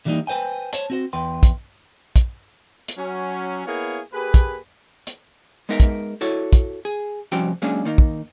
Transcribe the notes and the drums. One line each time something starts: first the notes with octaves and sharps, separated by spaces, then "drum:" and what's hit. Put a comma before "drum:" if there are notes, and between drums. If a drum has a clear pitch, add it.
D3 E3 F#3 G3 A#3 D#4
B4 C5 G5 G#5
C5 C#5 A5, drum: hi-hat
C4 F#4 C5
E2 B4 G5 C6
drum: kick, hi-hat
drum: kick, hi-hat
drum: hi-hat
F#3 C#4
A#3 B3 E4 G#4 C#5 F5
A#3 G4 G#4 B4
drum: kick, hi-hat
drum: hi-hat
G#3 B3 D#4 A#4 E5
drum: kick, hi-hat
E4 F#4 A4 C#5
drum: kick, hi-hat
G#4
C3 F3 G3 C#4 F#4 G5
F#3 G#3 A#3 C#4 D4 G#4
D#3 A#3 D#4
drum: kick